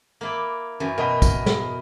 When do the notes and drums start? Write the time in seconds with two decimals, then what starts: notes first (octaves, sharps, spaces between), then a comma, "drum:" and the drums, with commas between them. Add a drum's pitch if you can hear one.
0.21 A#3 E4 D5
0.80 F#2 E3
0.98 B2 A#4 D#5 B5
1.22 drum: kick G#1, tambourine
1.46 drum: snare